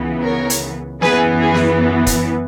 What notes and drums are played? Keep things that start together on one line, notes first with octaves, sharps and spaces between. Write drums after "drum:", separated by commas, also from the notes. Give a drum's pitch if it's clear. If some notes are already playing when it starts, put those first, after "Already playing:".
Already playing: C#2 C#3 E3 B3
A#4 C#5
drum: hi-hat
F#2 E3 B3 G#4 B4, drum: snare
G#4
drum: snare
drum: kick, hi-hat